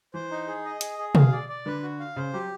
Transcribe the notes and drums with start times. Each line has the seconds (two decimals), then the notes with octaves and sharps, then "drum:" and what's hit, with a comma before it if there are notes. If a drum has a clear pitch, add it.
0.14 E3 C5
0.31 D#4
0.47 G#4
0.65 D#5
0.81 G#4, drum: hi-hat
0.99 G#4
1.15 F5, drum: tom
1.32 D5
1.49 D5
1.66 D3 B4
1.83 F#4
2.00 F5
2.16 C#3 C5
2.33 F#3 G4